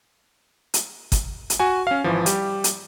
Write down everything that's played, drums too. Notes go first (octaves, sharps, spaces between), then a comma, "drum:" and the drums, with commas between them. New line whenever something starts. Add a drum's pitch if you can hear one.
drum: hi-hat
drum: kick G1, hi-hat
drum: hi-hat
F#4 G#5
C#4 F5
G#1 E3 F3
G3 G4, drum: hi-hat
drum: hi-hat